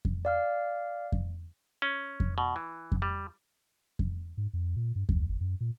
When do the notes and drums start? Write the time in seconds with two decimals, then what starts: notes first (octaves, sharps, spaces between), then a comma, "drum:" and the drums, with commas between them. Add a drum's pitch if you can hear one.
0.05 drum: kick F2
0.25 D5 F5 F6
1.12 drum: kick F2
1.82 C#4
2.20 drum: kick F2
2.38 B2
2.56 E3
2.92 drum: kick F2
3.02 G3
3.99 drum: kick F2
4.37 G#2
4.53 F2
4.76 A#2
4.96 G2
5.09 D2, drum: kick F2
5.29 G1
5.41 F#2
5.61 A#2